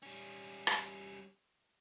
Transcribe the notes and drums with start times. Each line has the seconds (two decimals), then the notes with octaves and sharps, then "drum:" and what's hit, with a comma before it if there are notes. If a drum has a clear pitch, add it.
0.03 G3 C#4
0.67 drum: rim click